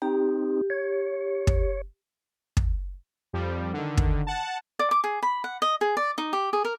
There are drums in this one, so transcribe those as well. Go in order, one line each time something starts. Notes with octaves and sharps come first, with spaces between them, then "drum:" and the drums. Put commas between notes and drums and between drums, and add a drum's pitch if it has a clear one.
C4 D#4 G4
C#5
drum: kick
drum: kick
F2 F3 G3
D3 D#3
drum: kick
F#5 A5
D5
D6
G#4
B5
F#5
D#5
G#4
D5
D#4
G4
G#4
A#4